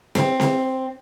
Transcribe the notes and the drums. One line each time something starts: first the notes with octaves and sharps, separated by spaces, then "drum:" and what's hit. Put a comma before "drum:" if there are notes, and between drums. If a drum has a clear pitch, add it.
C4, drum: snare C4
drum: snare C4